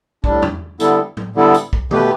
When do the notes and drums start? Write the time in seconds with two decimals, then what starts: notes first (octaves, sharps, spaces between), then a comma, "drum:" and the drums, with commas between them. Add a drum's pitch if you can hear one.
0.24 A2 G3 D4, drum: kick
0.42 drum: tom
0.80 D3 G3 B3 E4 A4, drum: hi-hat
1.17 drum: tom
1.35 D3 G3 B3 E4 A4
1.54 drum: hi-hat
1.73 drum: kick
1.91 B2 A3 G4 B4, drum: tom D#3